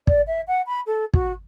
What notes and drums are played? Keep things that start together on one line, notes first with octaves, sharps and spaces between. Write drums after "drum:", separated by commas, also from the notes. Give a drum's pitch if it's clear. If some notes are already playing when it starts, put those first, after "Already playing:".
D5, drum: kick
E5
F#5
B5
A4
F#4, drum: kick